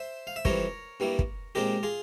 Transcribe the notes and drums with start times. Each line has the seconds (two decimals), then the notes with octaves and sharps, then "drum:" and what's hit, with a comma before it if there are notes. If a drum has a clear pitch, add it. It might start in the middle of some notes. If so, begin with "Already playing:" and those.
Already playing: C5 E5
0.27 F5
0.36 E5
0.45 F2 E3 G3 C4 E4 A#4 C#5, drum: kick
1.00 G2 G3 A#3 E4
1.19 drum: kick
1.55 A#2 G#3 C4 G4 A#4
1.83 F4 G#4